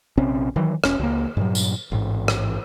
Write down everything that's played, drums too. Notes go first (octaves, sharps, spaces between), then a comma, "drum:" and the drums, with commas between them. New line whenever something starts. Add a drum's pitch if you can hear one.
A#1 C3 C4 C#4
D#3 E3 F#3
E1 C#4, drum: rim click
C#2 A#3
G2 A#2 F#3
drum: tambourine
A1 G#2
drum: rim click